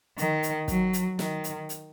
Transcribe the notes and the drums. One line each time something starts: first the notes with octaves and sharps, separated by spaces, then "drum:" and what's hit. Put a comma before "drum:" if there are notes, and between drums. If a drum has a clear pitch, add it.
D#3, drum: hi-hat
drum: hi-hat
F#3, drum: kick, hi-hat
drum: hi-hat
D#3, drum: snare
drum: hi-hat
drum: hi-hat